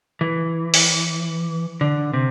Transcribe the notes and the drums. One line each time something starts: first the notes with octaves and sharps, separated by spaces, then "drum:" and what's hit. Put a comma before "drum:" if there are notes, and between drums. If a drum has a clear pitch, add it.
E3
drum: open hi-hat
D3
C3